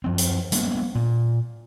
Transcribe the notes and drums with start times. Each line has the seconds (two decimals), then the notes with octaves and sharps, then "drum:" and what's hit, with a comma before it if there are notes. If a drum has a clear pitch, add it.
0.04 F#2 F3 C4
0.18 drum: hi-hat
0.52 G3 A#3 B3 D4, drum: hi-hat
0.95 A#2